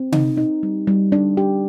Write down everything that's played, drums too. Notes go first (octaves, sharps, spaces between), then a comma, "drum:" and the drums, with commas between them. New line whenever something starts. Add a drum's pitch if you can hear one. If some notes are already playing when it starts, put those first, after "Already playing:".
Already playing: C4
D#4, drum: tom C3
D#4
G3
G3
D4
G4